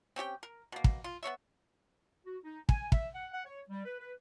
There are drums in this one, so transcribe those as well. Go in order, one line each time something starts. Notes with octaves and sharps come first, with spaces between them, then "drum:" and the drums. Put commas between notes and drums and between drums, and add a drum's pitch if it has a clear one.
C4 C#4 G4 G5
A#4
B2 A#3
drum: kick
F4
B3 D#4 C#5 E5
F#4
D#4
G#5, drum: kick
E5, drum: kick
F#5
F#5
C#5
G3
B4
B4